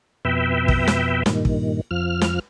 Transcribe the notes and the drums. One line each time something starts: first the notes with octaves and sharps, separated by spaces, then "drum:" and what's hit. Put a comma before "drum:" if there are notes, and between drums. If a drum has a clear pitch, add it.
F2 B2 B4 E5 G5
drum: kick
drum: snare
G2 A#2 D#3, drum: snare
drum: kick
F2 F3 F6
drum: snare